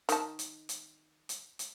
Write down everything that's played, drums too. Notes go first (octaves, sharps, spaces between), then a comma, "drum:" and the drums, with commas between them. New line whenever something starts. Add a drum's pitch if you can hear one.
D#3 A5, drum: hi-hat
drum: hi-hat
drum: hi-hat
drum: hi-hat
drum: hi-hat